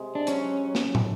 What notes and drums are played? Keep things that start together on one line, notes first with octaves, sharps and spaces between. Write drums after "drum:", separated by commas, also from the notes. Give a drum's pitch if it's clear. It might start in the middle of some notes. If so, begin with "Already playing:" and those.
Already playing: C3 G#3
D4
F#3 C#4, drum: hi-hat
F#3
drum: snare
drum: tom